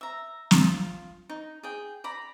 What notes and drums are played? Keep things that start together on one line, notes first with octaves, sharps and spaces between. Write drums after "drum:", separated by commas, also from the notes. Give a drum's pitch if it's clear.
E5 A#5
F4, drum: snare
D#4
G#4 G5
D5 A#5 B5